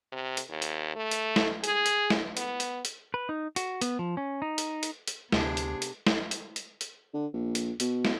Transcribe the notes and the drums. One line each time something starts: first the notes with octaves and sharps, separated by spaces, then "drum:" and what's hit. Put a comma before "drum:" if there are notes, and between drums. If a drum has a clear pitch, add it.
C3
drum: hi-hat
D#2
drum: hi-hat
A3
drum: hi-hat
drum: snare
G#4, drum: hi-hat
drum: hi-hat
drum: snare
B3, drum: hi-hat
drum: hi-hat
drum: hi-hat
B4
D#4
F#4, drum: hi-hat
B3, drum: hi-hat
F3
C#4
D#4
drum: hi-hat
drum: hi-hat
drum: hi-hat
D2 C3 B3 D4 G#4, drum: snare
drum: hi-hat
drum: hi-hat
drum: snare
drum: hi-hat
drum: hi-hat
drum: hi-hat
D3
A#1
drum: hi-hat
B2, drum: hi-hat
drum: snare